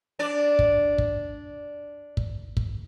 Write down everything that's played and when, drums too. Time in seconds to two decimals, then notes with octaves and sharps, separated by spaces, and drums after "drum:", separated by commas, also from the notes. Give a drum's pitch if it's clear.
0.19 D4 D5
0.59 drum: kick
0.98 drum: kick
2.17 drum: kick
2.57 drum: kick